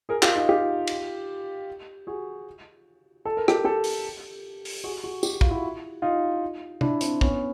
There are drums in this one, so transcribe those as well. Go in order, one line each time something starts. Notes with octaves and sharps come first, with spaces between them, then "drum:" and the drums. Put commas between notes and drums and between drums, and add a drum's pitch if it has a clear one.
G#4 A#4
F4 G4, drum: clap
D#4 F4
F4 G4
drum: cymbal
F#4 G#4
A4
A#4
G4 A4, drum: rim click
G4 A4
drum: open hi-hat
drum: open hi-hat
F#4 G#4
F#4 G#4
G4, drum: tambourine
F#4
F4, drum: kick
E4 F#4
D#4 F4
D4 E4, drum: tom
C4 D4, drum: hi-hat
B3 C#4, drum: kick